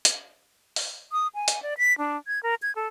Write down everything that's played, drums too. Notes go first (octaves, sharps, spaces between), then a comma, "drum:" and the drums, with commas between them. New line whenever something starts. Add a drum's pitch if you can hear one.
drum: hi-hat
drum: open hi-hat
D#6
G#5
drum: hi-hat
D5
B6
D4
G#6
A#4
G#6
A4